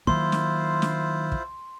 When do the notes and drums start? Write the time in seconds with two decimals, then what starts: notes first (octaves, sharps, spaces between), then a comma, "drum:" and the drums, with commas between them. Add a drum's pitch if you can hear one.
0.07 D#3 F#3 A#3 E4 F4 C5 C6, drum: kick
0.32 drum: snare
0.82 drum: snare
1.32 drum: kick